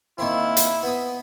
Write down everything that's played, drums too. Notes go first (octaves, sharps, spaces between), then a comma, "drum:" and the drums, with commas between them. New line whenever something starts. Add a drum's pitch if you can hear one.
D#3 A#3 C4 E4
drum: hi-hat
B3 B5 D#6